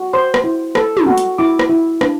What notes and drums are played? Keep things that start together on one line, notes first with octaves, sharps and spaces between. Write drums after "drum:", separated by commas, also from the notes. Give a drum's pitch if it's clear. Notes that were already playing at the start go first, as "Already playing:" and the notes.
Already playing: F#4
C5 C6
drum: rim click
E4
A4, drum: rim click
drum: tom
F#4
drum: hi-hat
E4 D6
drum: rim click
E4
D4, drum: rim click